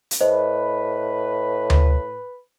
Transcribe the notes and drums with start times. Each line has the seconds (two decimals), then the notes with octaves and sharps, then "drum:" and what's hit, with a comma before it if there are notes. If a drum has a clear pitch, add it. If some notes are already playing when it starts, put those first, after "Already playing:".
0.11 drum: hi-hat
0.21 A2 B4 C5 D#5
1.70 drum: tom D2